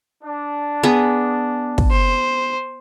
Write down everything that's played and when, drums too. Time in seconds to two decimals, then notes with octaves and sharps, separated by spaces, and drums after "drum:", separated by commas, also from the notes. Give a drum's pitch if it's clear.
0.23 D4
0.83 B3 G#4
1.78 drum: kick
1.91 C5